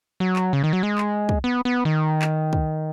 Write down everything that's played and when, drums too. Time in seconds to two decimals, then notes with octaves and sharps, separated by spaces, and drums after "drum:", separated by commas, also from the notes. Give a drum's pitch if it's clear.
0.20 F#3
0.36 drum: clap
0.53 C#3
0.64 D#3
0.73 F#3
0.83 G#3
0.98 drum: clap
1.29 drum: kick
1.44 B3
1.65 B3
1.85 D#3
2.22 drum: clap
2.53 drum: kick